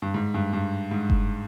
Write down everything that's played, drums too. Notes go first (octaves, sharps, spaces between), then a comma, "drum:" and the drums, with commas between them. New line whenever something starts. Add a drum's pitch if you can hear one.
G2
G#2
G2
G2
G#2
drum: kick F#1